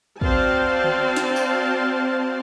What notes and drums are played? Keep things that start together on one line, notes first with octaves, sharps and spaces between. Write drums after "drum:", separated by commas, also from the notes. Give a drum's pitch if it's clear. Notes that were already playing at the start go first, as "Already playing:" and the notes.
C4 F#4 C5 D5 F5 A5, drum: kick
drum: tom D3
drum: snare
drum: tambourine